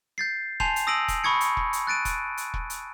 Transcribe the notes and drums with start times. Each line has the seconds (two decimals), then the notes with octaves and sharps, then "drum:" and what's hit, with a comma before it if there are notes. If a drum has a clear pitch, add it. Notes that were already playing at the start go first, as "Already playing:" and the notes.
0.18 G6 A6 C7
0.60 G#5 A5 C6 G6 C7 F7, drum: kick E1
0.76 drum: hi-hat
0.87 D#6 E6 A#6 D7 D#7 F#7
1.08 drum: kick E1, hi-hat
1.24 B5 C#6 D#6 G#6 C#7
1.41 drum: hi-hat
1.57 drum: kick E1
1.73 drum: hi-hat
1.87 F#6 A6 D7 D#7
2.05 drum: kick E1, hi-hat
2.37 drum: hi-hat
2.54 drum: kick E1
2.70 drum: hi-hat